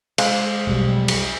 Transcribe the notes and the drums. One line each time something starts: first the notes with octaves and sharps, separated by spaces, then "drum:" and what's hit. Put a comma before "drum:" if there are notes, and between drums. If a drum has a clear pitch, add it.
G#3 C5 F5, drum: cymbal
E1 B1 G3
drum: cymbal